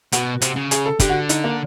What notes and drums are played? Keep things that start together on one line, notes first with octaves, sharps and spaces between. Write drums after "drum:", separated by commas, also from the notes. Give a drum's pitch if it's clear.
B2 F#4, drum: hi-hat
C3, drum: hi-hat
C#3
G#4, drum: hi-hat
A4
D3 G4, drum: kick G1, hi-hat
F#4
D#4, drum: hi-hat
A#3